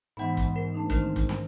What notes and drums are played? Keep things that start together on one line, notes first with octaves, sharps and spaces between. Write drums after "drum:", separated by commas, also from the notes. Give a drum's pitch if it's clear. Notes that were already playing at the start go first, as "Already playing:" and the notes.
G#2 E3 B3 F#5 B5
drum: kick, hi-hat
A#4
A3 D4 D#4
D#3 C4 A#4 C5, drum: kick, hi-hat
drum: kick, hi-hat
drum: snare